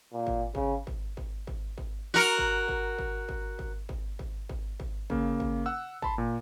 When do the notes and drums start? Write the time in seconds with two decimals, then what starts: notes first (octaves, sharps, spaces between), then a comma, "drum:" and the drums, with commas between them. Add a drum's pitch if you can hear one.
0.13 A#2
0.27 drum: kick G#1
0.55 C#3, drum: kick G#1
0.87 drum: kick G#1
1.17 drum: kick G#1
1.47 drum: kick G#1
1.78 drum: kick G#1
2.14 F#4 A#4
2.38 drum: kick G#1
2.68 drum: kick G#1
2.98 drum: kick G#1
3.29 drum: kick G#1
3.59 drum: kick G#1
3.89 drum: kick G#1
4.19 drum: kick G#1
4.49 drum: kick G#1
4.80 drum: kick G#1
5.10 C#3 A#3, drum: kick G#1
5.40 drum: kick G#1
5.66 F#5 E6
6.02 A5 B5 C6, drum: kick G#1
6.18 A#2